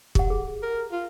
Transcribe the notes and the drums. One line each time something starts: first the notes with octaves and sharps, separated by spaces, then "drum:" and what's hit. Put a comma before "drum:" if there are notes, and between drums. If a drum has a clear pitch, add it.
G4 F#5, drum: kick
G#4
A#4
F4